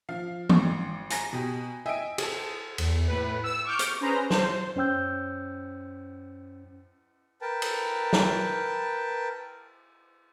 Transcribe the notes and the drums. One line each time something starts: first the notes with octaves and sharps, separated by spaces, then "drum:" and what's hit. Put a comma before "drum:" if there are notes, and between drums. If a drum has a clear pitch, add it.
F3 F5
G#1 C6 D6, drum: tom E3
G#5 A#5 A#6, drum: hi-hat
B2 G4
D#5 E5 G5 G#5 D7
G#4 A5, drum: cymbal
E2, drum: cymbal
A2 B4
E6
C#6 D6 F6 G6
drum: hi-hat
C#4 G#4 B4 C5 A#5
C5, drum: snare
F#2 C#4 C5 G5 E6 G6
A#4 B4 G5 A5
drum: cymbal
drum: snare